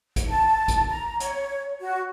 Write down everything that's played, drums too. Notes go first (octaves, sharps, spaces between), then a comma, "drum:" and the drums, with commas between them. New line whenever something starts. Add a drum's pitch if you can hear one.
drum: kick, hi-hat
A5
drum: kick, hi-hat
A#5
C#5, drum: hi-hat
F#4